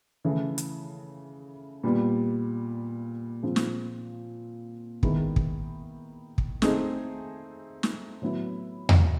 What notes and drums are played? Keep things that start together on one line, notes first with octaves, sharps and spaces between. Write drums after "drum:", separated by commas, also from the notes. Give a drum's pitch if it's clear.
C#3 E3 A3
drum: hi-hat
A#2 G3 B3
A#2 F3 G#3 C4 F4
drum: snare
D#3 G#3 B3 E4, drum: kick
drum: kick
drum: kick
A3 C4 D#4 G#4, drum: snare
drum: snare
A2 F#3 B3 E4
drum: tom E2